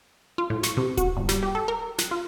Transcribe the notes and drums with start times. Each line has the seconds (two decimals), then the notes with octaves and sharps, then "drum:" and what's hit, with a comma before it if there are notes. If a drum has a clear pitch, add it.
0.38 F4
0.50 A2
0.63 C#6, drum: snare
0.77 C3
0.97 F#4, drum: kick D1, hi-hat
1.17 G1
1.29 G3, drum: snare
1.43 G4
1.55 A4
1.68 A#4
1.98 F#6, drum: snare
2.11 F4